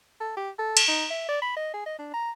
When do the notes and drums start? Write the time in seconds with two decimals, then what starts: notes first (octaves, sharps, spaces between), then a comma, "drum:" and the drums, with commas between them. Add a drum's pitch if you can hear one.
0.20 A4
0.36 G4
0.58 A4
0.77 drum: cymbal
0.88 D#4
1.10 E5
1.29 D5
1.42 B5
1.56 D#5
1.74 G#4
1.86 D#5
1.98 D4
2.13 A#5